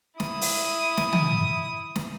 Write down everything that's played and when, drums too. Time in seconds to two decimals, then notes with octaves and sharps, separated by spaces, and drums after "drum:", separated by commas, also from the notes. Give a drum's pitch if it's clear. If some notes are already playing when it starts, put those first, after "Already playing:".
0.20 E4 D#6, drum: snare
0.41 drum: open hi-hat
0.97 drum: snare
1.13 drum: tom
1.96 drum: snare